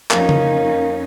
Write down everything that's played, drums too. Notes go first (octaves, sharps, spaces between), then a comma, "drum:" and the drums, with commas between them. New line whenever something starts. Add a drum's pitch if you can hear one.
F2 A#3 C#4 D#4, drum: clap
drum: tom C#3